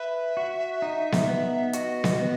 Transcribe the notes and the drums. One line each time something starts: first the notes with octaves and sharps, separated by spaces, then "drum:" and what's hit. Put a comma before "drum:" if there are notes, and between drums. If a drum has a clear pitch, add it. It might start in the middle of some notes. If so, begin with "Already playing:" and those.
Already playing: B4 E5
F#4
D#4
drum: snare B3
B3
F#4 D#5, drum: hi-hat
drum: snare B3
B3